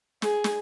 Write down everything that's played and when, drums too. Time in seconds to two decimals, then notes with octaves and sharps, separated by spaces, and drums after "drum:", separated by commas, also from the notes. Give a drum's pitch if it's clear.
0.22 G#4, drum: snare
0.44 drum: snare